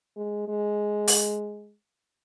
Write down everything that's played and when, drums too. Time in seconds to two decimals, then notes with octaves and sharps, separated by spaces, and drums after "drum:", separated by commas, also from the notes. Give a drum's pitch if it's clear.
0.17 G#3
0.48 G#3
1.08 drum: open hi-hat